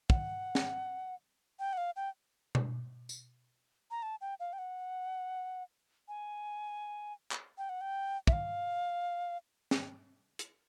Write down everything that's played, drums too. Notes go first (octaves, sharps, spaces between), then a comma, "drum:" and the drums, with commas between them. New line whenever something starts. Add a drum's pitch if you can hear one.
F#5, drum: kick
drum: snare
G5
F#5
F5
G5
drum: tom B2
drum: tambourine
A#5
A5
G5
F5
G5
F#5
G#5
drum: clap
G5
F#5
G5
E5, drum: kick
F5
drum: snare
drum: hi-hat